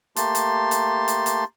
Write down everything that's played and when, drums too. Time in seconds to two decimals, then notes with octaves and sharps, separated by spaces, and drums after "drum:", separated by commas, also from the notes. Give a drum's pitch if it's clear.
0.16 A3 A#3 G4 A5 C6, drum: hi-hat
0.35 drum: hi-hat
0.71 drum: hi-hat
1.08 drum: hi-hat
1.26 drum: hi-hat